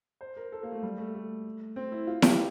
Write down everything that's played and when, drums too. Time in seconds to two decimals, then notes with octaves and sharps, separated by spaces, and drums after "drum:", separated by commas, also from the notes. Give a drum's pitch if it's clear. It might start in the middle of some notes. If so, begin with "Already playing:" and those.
0.21 C5
0.37 A#4
0.52 A4
0.63 A#3
0.72 A3
0.83 G3
0.98 A3
1.15 A3
1.76 C4
1.92 E4
2.07 F4
2.22 G4, drum: snare E4